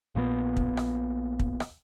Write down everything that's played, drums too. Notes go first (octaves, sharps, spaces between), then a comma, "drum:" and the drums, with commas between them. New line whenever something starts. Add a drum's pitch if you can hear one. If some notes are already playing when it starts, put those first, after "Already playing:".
A#1 A#2 F3 B3
drum: kick
drum: rim click
drum: kick
drum: rim click